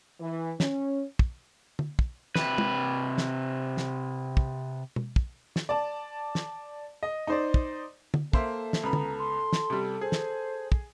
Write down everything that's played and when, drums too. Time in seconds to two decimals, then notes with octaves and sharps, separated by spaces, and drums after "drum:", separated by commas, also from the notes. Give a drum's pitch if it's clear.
0.20 E3
0.60 C#4, drum: snare
1.19 drum: kick
1.79 drum: tom D3
1.99 drum: kick
2.36 C3 B4, drum: snare
2.58 drum: tom
3.18 drum: snare
3.77 drum: snare
4.37 drum: kick
4.96 drum: tom B2
5.16 drum: kick
5.56 drum: snare
5.69 D5 A5
6.35 drum: snare
7.03 D#5
7.27 D#4 C5 D5
7.54 drum: kick
8.14 drum: tom D3
8.33 A#3 A4 C5 E5, drum: kick
8.73 drum: snare
8.83 C#2 B3 A#5 B5
8.93 drum: tom D3
9.19 C6
9.53 drum: snare
9.70 C3 G3
10.01 G#4 C5
10.12 drum: snare
10.72 drum: kick